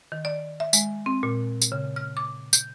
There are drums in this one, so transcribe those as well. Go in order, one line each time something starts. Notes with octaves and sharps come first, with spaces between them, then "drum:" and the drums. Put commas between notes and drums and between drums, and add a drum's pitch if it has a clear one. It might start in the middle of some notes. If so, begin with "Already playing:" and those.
D#3
D5
E5
G#3, drum: tambourine
C4
A#2
drum: tambourine
C#3
F6
D6
G6, drum: tambourine